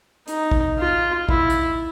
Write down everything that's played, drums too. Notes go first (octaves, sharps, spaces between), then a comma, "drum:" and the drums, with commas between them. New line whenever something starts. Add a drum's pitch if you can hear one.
D#4, drum: hi-hat
drum: kick A#1
F4
E4, drum: kick A#1
drum: hi-hat